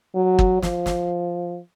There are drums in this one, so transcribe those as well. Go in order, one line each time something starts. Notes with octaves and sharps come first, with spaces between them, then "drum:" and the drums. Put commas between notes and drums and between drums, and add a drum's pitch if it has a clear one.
F#3
drum: kick
F3, drum: snare
drum: snare